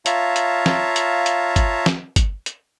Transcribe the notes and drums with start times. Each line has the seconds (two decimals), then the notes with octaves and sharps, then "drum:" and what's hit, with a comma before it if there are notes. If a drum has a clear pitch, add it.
0.06 F4 C#5 E5 F5 A5 A#5, drum: hi-hat
0.36 drum: hi-hat
0.66 drum: snare
0.96 drum: hi-hat
1.26 drum: hi-hat
1.56 drum: kick, hi-hat
1.86 drum: snare
2.16 drum: kick, hi-hat
2.46 drum: hi-hat